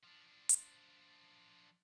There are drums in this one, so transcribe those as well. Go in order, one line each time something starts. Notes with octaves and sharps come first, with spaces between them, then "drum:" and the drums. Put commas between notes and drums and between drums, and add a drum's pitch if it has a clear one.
F3 D4
drum: hi-hat